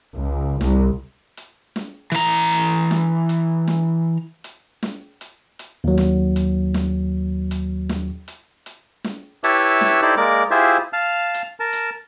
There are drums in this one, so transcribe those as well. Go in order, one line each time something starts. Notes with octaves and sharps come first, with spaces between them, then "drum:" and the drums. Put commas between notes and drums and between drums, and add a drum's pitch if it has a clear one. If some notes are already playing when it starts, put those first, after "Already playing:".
C#2
C2, drum: snare
drum: hi-hat
drum: snare
E3 A#5, drum: hi-hat
drum: hi-hat
drum: snare
drum: hi-hat
drum: snare
drum: hi-hat
drum: snare
drum: hi-hat
drum: hi-hat
D#2 F#3
drum: snare
drum: hi-hat
drum: snare
drum: hi-hat
drum: snare
drum: hi-hat
drum: hi-hat
drum: snare
E4 G4 B4 C#5 E5 A5, drum: hi-hat
drum: snare
D#4 E4 G4 A4 C5 D5
G#3 A#3 A#4 D5 D6
E4 F4 G4 G#4 C5 E5
F5 A5 F6
drum: hi-hat
A#4 A5
drum: hi-hat